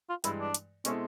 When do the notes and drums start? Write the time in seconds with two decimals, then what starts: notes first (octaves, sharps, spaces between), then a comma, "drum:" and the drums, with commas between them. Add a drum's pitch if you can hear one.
0.09 F4
0.24 G2 E3 G#3 E4, drum: hi-hat
0.40 D4
0.55 drum: hi-hat
0.85 B2 G#3 C4 C#4 E4 A4, drum: hi-hat